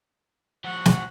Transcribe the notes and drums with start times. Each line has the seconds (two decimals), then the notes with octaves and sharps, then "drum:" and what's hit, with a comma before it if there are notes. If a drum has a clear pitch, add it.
0.64 F3 F#4 F#5
0.86 drum: snare